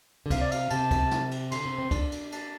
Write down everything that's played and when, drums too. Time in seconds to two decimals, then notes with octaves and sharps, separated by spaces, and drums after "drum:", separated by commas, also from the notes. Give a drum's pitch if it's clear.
0.26 D3
0.30 C3 F5, drum: kick, cymbal
0.41 D5
0.51 F5, drum: cymbal
0.70 C3 A5, drum: cymbal
0.91 drum: kick, cymbal
1.11 drum: snare
1.31 drum: cymbal
1.51 D3 C6, drum: cymbal
1.65 C3
1.78 C4
1.91 D4, drum: kick, cymbal
2.12 drum: cymbal
2.32 A5, drum: cymbal